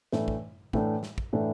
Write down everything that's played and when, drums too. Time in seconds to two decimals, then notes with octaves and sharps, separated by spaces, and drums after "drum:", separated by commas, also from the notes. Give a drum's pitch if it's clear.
0.12 A2 E3 A3 D4, drum: snare
0.28 drum: kick
0.73 A2 E3 A3 D4, drum: kick
1.03 drum: snare
1.18 drum: kick
1.33 A2 E3 A3 D4